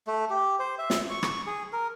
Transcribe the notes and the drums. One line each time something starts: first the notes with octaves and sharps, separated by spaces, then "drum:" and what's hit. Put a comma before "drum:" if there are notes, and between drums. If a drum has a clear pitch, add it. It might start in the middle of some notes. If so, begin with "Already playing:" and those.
A3
G4
C5
E5
drum: snare
C#6
drum: rim click
G#4
A#4